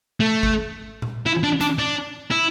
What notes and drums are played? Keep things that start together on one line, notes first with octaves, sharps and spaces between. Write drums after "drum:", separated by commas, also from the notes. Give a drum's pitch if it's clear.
A3
drum: kick G#1
drum: tom A#2
E4
D4
D4, drum: hi-hat
D4
E4